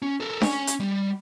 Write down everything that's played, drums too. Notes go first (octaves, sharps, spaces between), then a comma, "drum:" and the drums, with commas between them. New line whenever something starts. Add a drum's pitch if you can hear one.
C#4
A4 A#4
C#4 G#5, drum: snare D4
drum: hi-hat
G3